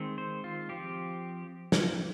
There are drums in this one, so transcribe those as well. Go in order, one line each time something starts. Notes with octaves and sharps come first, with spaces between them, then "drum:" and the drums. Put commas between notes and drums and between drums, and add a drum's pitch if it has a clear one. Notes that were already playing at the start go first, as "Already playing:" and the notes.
Already playing: D#3 G#3 C4
C5
F4
F3 C4 G4
drum: snare